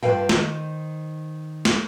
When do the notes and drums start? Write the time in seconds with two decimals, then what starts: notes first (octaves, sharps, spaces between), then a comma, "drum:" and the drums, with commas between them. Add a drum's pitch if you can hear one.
0.03 G2 F3 A4 B4 F5 G5
0.29 D#3 C5, drum: snare
1.65 drum: snare